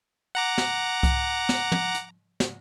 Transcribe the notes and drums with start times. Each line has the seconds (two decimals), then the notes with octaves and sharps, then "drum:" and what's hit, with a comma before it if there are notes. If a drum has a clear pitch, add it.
0.35 F#5 A#5 D6
0.58 drum: snare
1.03 drum: kick C2, hi-hat
1.49 drum: snare
1.72 drum: tom
1.95 drum: hi-hat
2.40 drum: snare